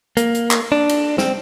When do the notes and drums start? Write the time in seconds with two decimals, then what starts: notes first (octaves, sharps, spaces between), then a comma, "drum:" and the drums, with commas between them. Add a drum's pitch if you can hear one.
0.17 A#3, drum: hi-hat
0.35 drum: hi-hat
0.51 drum: clap
0.72 D4
0.89 drum: cymbal
1.18 C4, drum: snare